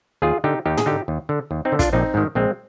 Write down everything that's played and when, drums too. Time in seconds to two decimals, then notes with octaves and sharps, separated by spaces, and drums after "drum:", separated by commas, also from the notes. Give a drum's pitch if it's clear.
0.22 D#2 F4 G#4
0.44 D3 D#4 G4
0.66 D#2 D#4 G4
0.77 G#4, drum: tom
0.86 D3 D#4 G4
1.08 D#2
1.29 D3
1.51 D#2
1.65 C4 D#4
1.72 D3
1.79 D4 F4, drum: kick, hi-hat
1.93 A#1 C4 D#4
2.14 G#2 D#3
2.35 A#1 G#3 C4